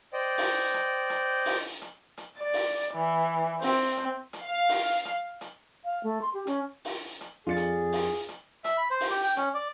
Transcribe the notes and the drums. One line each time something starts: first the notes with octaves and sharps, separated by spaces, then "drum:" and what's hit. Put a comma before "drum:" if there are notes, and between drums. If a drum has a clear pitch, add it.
C5 D5 D#5 G5
drum: open hi-hat
drum: hi-hat
drum: hi-hat
drum: open hi-hat
drum: hi-hat
drum: hi-hat
D5
drum: open hi-hat
E3
C4, drum: open hi-hat
drum: hi-hat
drum: hi-hat
F5
drum: open hi-hat
drum: hi-hat
drum: hi-hat
F5
A3
C6
G4
C#4, drum: hi-hat
drum: open hi-hat
drum: hi-hat
F2 F4 G#4 D5 A6 C#7
drum: hi-hat
drum: open hi-hat
drum: hi-hat
E5, drum: hi-hat
B5
C5
drum: open hi-hat
G4
G5
C#4, drum: hi-hat
D5